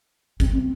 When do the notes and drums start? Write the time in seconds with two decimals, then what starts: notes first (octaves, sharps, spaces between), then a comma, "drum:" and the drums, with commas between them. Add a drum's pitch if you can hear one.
0.40 C4, drum: kick, tambourine
0.55 C4